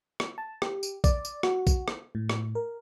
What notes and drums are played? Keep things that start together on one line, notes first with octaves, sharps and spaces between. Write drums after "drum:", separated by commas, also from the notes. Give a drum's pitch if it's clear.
drum: rim click
A5
G4, drum: rim click
drum: tambourine
D5, drum: kick A#1, tambourine
drum: tambourine
F#4, drum: rim click
drum: kick A#1, tambourine
drum: rim click
A2
drum: rim click
A#4